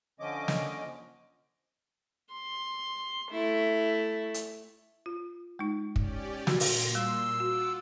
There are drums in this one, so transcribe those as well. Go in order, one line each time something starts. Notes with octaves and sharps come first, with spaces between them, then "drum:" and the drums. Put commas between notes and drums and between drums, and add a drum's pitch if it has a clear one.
D3 F3 C#4 D#5 D6
drum: snare
C6
A3 E4
drum: hi-hat
F4
G#3 D#4
C#4 G4 D5, drum: kick
A#2 F#4 C6, drum: snare
drum: open hi-hat
G3 E6
F4 F#4 F#5 D6